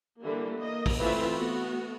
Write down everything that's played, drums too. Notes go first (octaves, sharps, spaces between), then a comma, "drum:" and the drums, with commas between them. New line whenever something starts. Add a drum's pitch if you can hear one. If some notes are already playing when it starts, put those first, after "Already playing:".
D3 E3 G3 A#3
A#3 D#5
drum: kick, open hi-hat
E3 A3 C4 F4 B4 E5
A3 B3 F#4